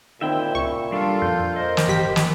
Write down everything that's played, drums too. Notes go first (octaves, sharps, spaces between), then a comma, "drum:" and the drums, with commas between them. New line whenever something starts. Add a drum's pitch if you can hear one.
A#2 D#3 G#3 C4 E4 E5 G5
C#2 C#6
G3 D4 F4 A4 F5
F2 G6
A#4 C5 D#5
drum: snare
G1 G4 B6
drum: snare